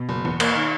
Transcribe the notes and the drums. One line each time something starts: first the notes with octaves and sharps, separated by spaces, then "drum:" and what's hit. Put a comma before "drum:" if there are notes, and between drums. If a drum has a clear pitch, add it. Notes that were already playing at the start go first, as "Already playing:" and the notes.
Already playing: B2
F#1
E2
A#3, drum: cymbal
D#3